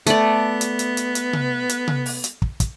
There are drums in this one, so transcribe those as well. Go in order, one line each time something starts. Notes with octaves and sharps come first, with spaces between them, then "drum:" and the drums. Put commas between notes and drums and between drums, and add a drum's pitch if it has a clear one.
A3 B3 D5, drum: hi-hat
drum: hi-hat
drum: hi-hat
drum: hi-hat
drum: hi-hat
drum: tom C3
drum: hi-hat
drum: tom C3
drum: open hi-hat
drum: hi-hat
drum: kick
drum: kick, hi-hat